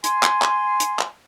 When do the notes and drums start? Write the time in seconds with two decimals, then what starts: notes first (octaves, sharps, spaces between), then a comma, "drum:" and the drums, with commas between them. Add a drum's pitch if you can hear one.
0.04 G#5 C6, drum: hi-hat
0.23 drum: clap
0.42 drum: clap
0.80 drum: hi-hat
0.99 drum: clap